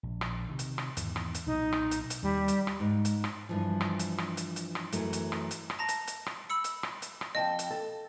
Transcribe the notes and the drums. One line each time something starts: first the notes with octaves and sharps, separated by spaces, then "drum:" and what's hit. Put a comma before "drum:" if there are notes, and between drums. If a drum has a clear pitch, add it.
A#1
drum: rim click
C3 D#3
drum: hi-hat
drum: rim click
E2 G#2 D#3, drum: hi-hat
drum: rim click
drum: hi-hat
B1 A#2 D#4
drum: rim click
drum: hi-hat
drum: hi-hat
D#2 G3
drum: hi-hat
drum: rim click
G#2
drum: hi-hat
drum: rim click
G2 E3 F3
drum: rim click
drum: hi-hat
drum: rim click
drum: hi-hat
drum: hi-hat
drum: rim click
F#2 E3 F#3 A3, drum: hi-hat
drum: hi-hat
drum: rim click
drum: hi-hat
drum: rim click
A5 A#5 A#6
drum: hi-hat
drum: hi-hat
drum: rim click
B5 E6 C#7
drum: hi-hat
drum: rim click
drum: hi-hat
drum: rim click
F2 D#5 G5 A5
drum: hi-hat
A4